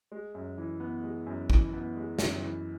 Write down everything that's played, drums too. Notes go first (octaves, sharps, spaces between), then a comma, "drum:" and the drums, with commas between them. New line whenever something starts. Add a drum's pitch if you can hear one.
G#3
F#2
E3
B3
G#3
F#2
E3, drum: kick
B3
G#3
F#2, drum: snare
E3